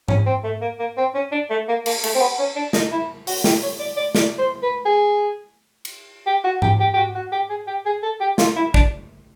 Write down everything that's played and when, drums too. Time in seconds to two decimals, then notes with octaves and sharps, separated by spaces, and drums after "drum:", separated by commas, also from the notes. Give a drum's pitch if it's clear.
0.08 C#4, drum: tom G#2
0.26 C4
0.44 A3
0.61 A#3
0.79 A#3
0.97 C4
1.15 C#4
1.32 D4
1.50 A3
1.68 A#3
1.86 A#3, drum: cymbal
2.04 A3, drum: cymbal
2.15 C4
2.20 B3
2.39 C#4
2.56 D4
2.73 D#4, drum: snare
2.92 E4
3.27 F#4, drum: open hi-hat
3.44 G4, drum: snare
3.63 C#5
3.79 D5
3.97 D5
4.15 D5, drum: snare
4.38 C5
4.63 B4
4.85 G#4
5.85 drum: cymbal
6.26 G4
6.44 F#4
6.62 G4, drum: tom G#2
6.80 G4
6.94 G4
6.97 F#4
7.15 F#4
7.32 G4
7.50 G#4
7.67 G4
7.86 G#4
8.03 A4
8.20 G4
8.38 F4, drum: snare
8.56 E4
8.74 D4, drum: kick